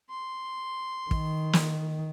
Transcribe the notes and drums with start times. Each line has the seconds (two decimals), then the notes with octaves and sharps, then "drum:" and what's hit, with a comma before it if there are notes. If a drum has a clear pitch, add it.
0.10 C6
1.11 D#3, drum: kick
1.53 drum: snare